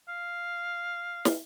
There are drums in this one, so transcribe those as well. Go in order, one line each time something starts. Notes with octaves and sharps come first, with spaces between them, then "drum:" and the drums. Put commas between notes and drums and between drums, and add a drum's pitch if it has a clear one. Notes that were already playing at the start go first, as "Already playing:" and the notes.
F5
drum: snare